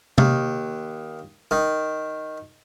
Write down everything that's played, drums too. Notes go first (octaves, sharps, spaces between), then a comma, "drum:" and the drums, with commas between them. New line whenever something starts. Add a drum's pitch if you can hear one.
D#2, drum: tom C3
D#3